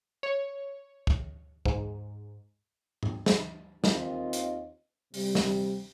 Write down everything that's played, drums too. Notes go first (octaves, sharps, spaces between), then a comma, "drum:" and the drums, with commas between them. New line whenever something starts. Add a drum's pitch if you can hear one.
C#5
drum: kick
G#2, drum: kick
drum: tom G#2
drum: snare
D#2 D#3 C4 F4 D#5, drum: snare
drum: hi-hat
C3 G3, drum: open hi-hat
drum: snare